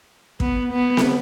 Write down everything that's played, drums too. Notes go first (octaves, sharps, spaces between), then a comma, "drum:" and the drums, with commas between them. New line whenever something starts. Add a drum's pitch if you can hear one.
B3, drum: kick
B3
drum: snare C4